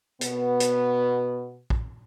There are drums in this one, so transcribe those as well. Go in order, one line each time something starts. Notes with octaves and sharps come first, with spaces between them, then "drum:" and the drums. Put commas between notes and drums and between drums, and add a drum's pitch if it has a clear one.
B2 B3, drum: hi-hat
drum: hi-hat
drum: kick A#1